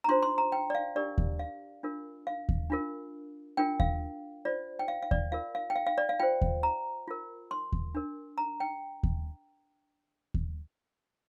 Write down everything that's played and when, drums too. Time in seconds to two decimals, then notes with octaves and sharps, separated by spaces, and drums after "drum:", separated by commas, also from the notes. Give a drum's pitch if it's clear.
0.04 A#5
0.08 D4 F4 C5 C6
0.22 C6
0.38 A#5
0.52 G5
0.70 D5
0.75 F5
0.95 D4 G4 A#4 D5
1.18 drum: kick D#2
1.39 F5
1.83 D4 F4 A#4
2.27 F5
2.49 drum: kick D#2
2.70 D4 F4 A#4
3.57 D4 F4 A#4 G5
3.80 F5, drum: kick D#2
4.45 F4 C5 D5
4.79 G5
4.88 F5
5.02 F5
5.11 D5, drum: kick D#2
5.32 F4 A#4 F5
5.55 F5
5.70 G5
5.76 F5
5.87 F5
5.98 D5
6.09 F5
6.19 F4 C5 G5
6.41 drum: kick D#2
6.63 A#5
7.08 F4 A#4
7.51 C6
7.72 drum: kick D#2
7.95 D4 A#4
8.38 A#5
8.60 G5
9.03 drum: kick D#2
10.34 drum: kick D#2